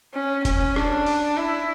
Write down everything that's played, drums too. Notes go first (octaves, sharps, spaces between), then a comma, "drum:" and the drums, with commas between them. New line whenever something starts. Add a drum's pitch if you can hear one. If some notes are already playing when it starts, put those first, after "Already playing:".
C#4
C#4, drum: kick E1, hi-hat
D4, drum: rim click
drum: open hi-hat
E4